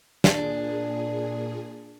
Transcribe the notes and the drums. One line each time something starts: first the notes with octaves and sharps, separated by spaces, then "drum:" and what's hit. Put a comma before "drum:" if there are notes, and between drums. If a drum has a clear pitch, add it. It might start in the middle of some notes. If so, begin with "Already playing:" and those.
A#2 D4 G#4, drum: snare